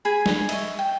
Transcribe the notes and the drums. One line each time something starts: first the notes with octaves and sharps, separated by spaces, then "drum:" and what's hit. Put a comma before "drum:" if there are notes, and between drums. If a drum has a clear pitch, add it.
G#4 G#5 B5
drum: snare
D#5 E5 C#6, drum: cymbal
G5